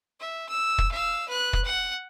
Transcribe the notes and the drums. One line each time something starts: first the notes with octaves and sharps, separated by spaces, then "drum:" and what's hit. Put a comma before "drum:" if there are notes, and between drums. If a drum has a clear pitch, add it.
E5
E6
drum: kick
F5 E6
B4 F#6
drum: kick
F#5